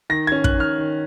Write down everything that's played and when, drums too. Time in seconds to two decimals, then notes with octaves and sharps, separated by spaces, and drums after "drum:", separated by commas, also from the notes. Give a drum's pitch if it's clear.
0.10 D#3 A#6
0.27 C#4 G#6
0.44 F#6, drum: kick
0.55 D#3 F6
0.78 D#3